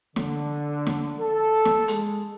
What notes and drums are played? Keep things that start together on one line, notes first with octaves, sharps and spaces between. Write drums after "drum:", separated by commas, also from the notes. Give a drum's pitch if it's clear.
D3, drum: snare
drum: snare
A4
drum: snare
G#3, drum: hi-hat